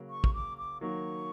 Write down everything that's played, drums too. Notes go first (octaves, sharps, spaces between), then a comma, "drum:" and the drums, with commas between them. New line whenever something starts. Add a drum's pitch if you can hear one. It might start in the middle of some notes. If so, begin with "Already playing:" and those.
Already playing: C#3 F#3 A#3
C#6
drum: kick
D6
D6
D#3 F#3 A#3 C#6